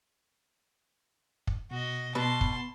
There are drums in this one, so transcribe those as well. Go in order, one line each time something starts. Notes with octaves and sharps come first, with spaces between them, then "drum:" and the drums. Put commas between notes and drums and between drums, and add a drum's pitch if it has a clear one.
drum: kick
B2 F#4 D#5
B2 B3 A5 B5 C6
drum: kick